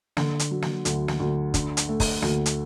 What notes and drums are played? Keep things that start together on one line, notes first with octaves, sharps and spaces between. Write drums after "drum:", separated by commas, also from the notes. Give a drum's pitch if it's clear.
D3, drum: snare
drum: hi-hat
F#3
drum: snare
D2, drum: hi-hat
drum: snare
D2
D3, drum: kick, hi-hat
drum: hi-hat
A3
drum: kick, open hi-hat
D2, drum: snare
drum: hi-hat